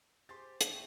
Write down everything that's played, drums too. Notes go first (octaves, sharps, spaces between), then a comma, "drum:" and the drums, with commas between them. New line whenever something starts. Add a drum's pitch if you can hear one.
G4 G#4 C5 C6 A6
A#2, drum: hi-hat
C#5 E5 G5